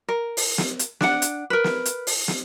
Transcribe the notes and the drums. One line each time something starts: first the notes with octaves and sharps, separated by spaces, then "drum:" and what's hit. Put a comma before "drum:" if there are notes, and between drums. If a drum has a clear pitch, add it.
A#4
drum: open hi-hat
drum: snare
drum: hi-hat
D4 F#5, drum: snare
drum: hi-hat
A#4 B4
drum: snare
drum: hi-hat
drum: open hi-hat
drum: snare